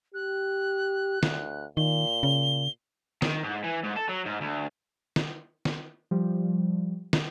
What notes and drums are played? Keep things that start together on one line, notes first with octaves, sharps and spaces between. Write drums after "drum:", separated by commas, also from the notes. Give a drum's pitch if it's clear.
G4 F#6
D2, drum: snare
A#2 D#3 G7
C#3
D#3, drum: snare
G#2
E3
G#2
A4
F#3
G#2
D2
drum: snare
drum: snare
F3 G3
drum: snare